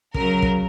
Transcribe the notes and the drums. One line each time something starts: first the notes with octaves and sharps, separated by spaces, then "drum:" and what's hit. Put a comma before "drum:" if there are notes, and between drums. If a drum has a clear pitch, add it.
C#3 F#3 A#4, drum: kick
drum: kick